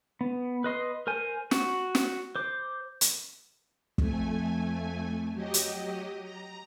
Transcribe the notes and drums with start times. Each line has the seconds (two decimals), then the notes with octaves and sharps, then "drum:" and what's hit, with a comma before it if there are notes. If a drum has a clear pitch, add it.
0.21 B3
0.64 B4 D#5 C6
1.07 A#4 C5 G#5
1.51 F#4, drum: snare
1.95 drum: snare
2.36 C5 D6
3.01 drum: hi-hat
3.98 F2 A3 G#5, drum: kick
5.32 F#3 G4 D#5
5.54 drum: hi-hat
6.22 A#5